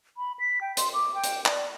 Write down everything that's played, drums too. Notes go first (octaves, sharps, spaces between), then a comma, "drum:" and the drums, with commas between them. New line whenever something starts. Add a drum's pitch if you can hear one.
B5
B6
G5
C6, drum: hi-hat
D6
G5
drum: hi-hat
D5, drum: clap